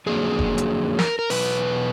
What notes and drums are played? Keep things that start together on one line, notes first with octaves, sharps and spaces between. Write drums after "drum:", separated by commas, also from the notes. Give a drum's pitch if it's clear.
F2 D3 F#3 A#3 G#4
drum: kick F1
drum: hi-hat
A#4, drum: snare
A#4
E2 B2 F#3 B3 B4, drum: open hi-hat